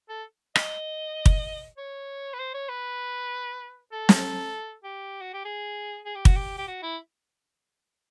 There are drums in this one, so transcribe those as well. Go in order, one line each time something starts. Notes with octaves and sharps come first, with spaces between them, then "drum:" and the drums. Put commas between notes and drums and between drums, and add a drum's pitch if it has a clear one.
A4
D#5, drum: rim click
drum: kick
C#5
B4
C5
C#5
B4
A4
drum: snare
G4
F#4
G4
G#4
G#4
G4
F#4, drum: kick
G4
G4
F#4
E4